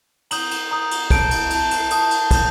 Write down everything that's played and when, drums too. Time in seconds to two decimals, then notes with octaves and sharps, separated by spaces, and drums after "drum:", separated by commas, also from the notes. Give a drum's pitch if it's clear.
0.31 A#5 D#6 G6 F#7, drum: cymbal
0.51 drum: cymbal
0.71 A#5 D#6 G6
0.91 drum: cymbal
1.10 A5 D#6 G6 D7, drum: kick, cymbal
1.31 drum: cymbal
1.50 A5 D#6 G6, drum: cymbal
1.71 drum: cymbal
1.90 A5 D#6 G6, drum: cymbal
2.11 drum: cymbal
2.31 A5 D#6 G6, drum: kick, cymbal